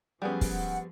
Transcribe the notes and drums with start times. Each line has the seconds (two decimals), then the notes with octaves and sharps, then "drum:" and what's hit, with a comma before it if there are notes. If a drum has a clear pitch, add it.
0.22 F#2 F3 G3 B3 G#4 F#5 G5
0.41 drum: kick, open hi-hat